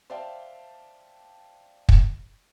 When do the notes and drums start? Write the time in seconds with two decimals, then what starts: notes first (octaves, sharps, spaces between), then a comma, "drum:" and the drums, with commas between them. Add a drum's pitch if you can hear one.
0.10 C5 D5 E5 F5 G5 A5
1.89 drum: kick